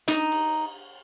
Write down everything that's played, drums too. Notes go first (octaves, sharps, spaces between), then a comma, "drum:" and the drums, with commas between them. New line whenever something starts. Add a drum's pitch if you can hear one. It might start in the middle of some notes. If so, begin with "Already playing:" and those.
D#4, drum: hi-hat
drum: cymbal